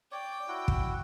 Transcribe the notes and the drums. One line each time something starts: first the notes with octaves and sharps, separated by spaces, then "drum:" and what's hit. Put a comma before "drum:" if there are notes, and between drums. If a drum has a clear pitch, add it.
C#5 D5 G5 D6
E4 F#4 F#5
drum: kick